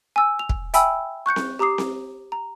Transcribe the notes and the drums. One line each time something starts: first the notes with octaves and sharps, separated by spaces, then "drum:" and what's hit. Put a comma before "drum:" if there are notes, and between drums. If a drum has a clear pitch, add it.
G#5 E6
F7
drum: kick
E5 G5 G#5 B5 E6, drum: hi-hat
C#6 F#6 G6 C#7
drum: snare C4
G4 A#5 D6 D#6 C7
drum: snare C4
A#5